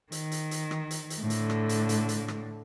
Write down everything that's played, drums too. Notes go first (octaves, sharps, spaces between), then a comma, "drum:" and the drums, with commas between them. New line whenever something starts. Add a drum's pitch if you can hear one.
D#3, drum: hi-hat
drum: hi-hat
drum: hi-hat
drum: rim click
drum: hi-hat
drum: hi-hat
A2 D3
drum: hi-hat
drum: rim click
drum: hi-hat
drum: hi-hat
drum: hi-hat
drum: rim click